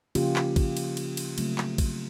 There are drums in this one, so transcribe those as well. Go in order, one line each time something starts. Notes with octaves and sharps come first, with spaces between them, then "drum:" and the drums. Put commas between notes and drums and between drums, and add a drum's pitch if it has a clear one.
C#3 F3 A#3 C#4 F4 G4, drum: cymbal
drum: clap
drum: kick, cymbal
drum: cymbal
drum: cymbal
drum: cymbal
C#3 F#3 A3 C4 F4, drum: cymbal
drum: clap
drum: kick, cymbal